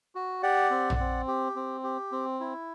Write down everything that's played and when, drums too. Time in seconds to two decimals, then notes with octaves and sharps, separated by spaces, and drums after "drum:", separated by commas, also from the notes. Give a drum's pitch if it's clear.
0.15 F#4
0.43 G4 D5 F#5
0.71 C4
0.90 drum: tom A#1
0.99 C4
1.28 G4
1.56 C4
1.84 G4
2.12 C4
2.40 E4